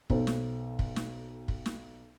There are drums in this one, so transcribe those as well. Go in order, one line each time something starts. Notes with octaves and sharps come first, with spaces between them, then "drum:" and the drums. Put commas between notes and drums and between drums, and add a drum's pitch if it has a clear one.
B1 A4 C5, drum: kick
drum: snare
drum: kick
drum: snare
drum: kick
drum: snare